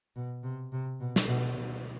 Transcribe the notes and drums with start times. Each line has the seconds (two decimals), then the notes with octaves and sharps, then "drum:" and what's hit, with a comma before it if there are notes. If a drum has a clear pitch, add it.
0.16 B2
0.43 C3
0.72 C3
1.00 B2
1.16 drum: snare
1.28 B2
1.56 B2